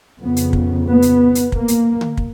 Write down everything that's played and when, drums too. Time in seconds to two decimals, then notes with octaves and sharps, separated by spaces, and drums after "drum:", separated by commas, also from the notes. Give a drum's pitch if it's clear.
0.20 F2 C#3 B3
0.36 drum: hi-hat
0.53 drum: kick
0.86 B3
1.02 drum: hi-hat
1.35 drum: hi-hat
1.52 A#3, drum: kick
1.68 drum: hi-hat
2.01 drum: tom D3
2.17 drum: kick